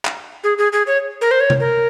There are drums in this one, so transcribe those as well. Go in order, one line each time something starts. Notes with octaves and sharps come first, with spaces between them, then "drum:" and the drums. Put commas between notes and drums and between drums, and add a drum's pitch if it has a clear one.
drum: clap
G#4
G#4
G#4
C#5
A#4
C5
C#5
drum: tom C3
A#4